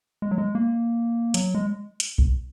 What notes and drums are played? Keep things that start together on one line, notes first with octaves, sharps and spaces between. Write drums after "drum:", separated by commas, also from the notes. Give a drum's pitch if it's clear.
G#3
F#3
G#3
A#3
F#3, drum: hi-hat
G#3
drum: hi-hat
drum: kick B1